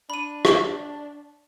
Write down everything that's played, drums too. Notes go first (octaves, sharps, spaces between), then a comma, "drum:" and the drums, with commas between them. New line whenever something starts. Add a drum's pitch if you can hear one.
D4 B5 D#7
drum: rim click